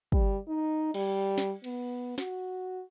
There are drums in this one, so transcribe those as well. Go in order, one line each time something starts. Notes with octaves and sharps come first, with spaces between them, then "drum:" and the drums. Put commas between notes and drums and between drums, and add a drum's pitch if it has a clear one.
G3, drum: kick
D#4
G3, drum: cymbal
drum: snare
B3, drum: cymbal
F#4, drum: snare